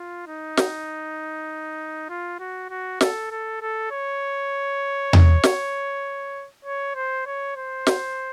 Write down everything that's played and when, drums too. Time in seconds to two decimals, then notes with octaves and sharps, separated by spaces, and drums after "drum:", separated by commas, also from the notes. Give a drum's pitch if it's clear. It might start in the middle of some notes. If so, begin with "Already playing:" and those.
Already playing: F4
0.27 D#4
0.57 drum: snare
2.09 F4
2.40 F#4
2.70 F#4
3.01 A4, drum: snare
3.31 A4
3.62 A4
3.91 C#5
5.13 drum: tom E2
5.43 drum: snare
6.65 C#5
6.95 C5
7.26 C#5
7.57 C5
7.87 drum: snare